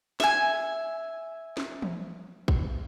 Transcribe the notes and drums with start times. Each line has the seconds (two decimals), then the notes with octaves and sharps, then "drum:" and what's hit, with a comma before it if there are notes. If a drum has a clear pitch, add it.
0.20 E5 G#5, drum: snare
1.57 drum: snare
1.82 drum: tom E3
2.48 drum: kick